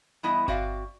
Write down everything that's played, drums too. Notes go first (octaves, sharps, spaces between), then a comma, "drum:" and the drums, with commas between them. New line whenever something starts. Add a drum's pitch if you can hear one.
G2 E3 B3 E4 D#5
C4 F#4 D5 E5 F5, drum: kick G1